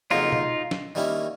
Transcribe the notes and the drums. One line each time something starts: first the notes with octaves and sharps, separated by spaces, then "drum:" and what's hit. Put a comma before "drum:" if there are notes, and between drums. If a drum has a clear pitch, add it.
F2 C#3 F#3 A#3 D#4 F4
drum: tom B2
drum: snare
D#3 G3 A#3 C#4 E4